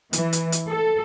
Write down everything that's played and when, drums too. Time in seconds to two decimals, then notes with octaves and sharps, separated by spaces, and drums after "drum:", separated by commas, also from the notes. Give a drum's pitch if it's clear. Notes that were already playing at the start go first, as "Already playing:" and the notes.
0.13 E3, drum: hi-hat
0.33 drum: hi-hat
0.52 drum: hi-hat
0.68 A4